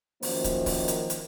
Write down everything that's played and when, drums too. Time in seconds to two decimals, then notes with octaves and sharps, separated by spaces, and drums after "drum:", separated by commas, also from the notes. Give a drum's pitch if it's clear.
0.23 F#2 D#3 F3 A#3 D#4 C5, drum: open hi-hat
0.44 drum: kick, hi-hat
0.66 drum: kick, open hi-hat
0.88 drum: hi-hat
1.10 drum: hi-hat